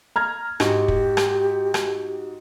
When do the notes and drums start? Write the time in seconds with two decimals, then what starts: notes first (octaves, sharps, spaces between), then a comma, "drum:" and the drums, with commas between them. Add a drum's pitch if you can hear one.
0.16 A#5 F6 G#6
0.60 G#2 F#4 G4, drum: rim click
0.88 drum: kick
1.17 drum: rim click
1.74 drum: rim click